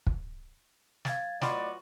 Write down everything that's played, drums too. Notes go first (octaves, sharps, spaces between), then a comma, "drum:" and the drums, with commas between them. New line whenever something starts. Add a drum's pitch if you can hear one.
drum: kick
F5 G#6 A6, drum: snare
A2 F#3 B3 F4 F#4 D5 D#5 B5, drum: snare